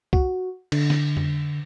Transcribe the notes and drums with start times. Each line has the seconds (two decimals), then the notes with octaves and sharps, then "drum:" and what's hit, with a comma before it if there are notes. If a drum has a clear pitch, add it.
0.13 F#4, drum: kick C2
0.72 D3, drum: cymbal
0.90 drum: snare
1.17 drum: tom F2